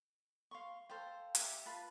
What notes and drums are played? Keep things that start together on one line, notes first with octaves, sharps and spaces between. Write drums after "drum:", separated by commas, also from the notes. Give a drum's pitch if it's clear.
F5 C6 C#6
A4 C5 F5 G5
G4 E5, drum: hi-hat
F4 B4 A5